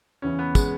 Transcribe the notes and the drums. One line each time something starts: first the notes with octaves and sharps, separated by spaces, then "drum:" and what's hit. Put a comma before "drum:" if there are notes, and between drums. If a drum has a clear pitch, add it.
E2 C#3 E3 C#4
B3
G#3, drum: kick, tambourine